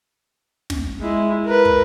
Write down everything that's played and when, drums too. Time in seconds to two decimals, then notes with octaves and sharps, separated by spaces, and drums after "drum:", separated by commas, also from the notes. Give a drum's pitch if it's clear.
0.70 drum: snare
1.01 G#3 E4
1.46 A#4 B4
1.65 drum: kick